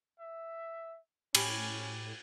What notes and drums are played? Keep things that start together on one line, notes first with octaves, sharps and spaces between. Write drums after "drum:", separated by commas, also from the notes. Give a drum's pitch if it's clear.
E5
A2 C#4 G4 G#5 B5, drum: cymbal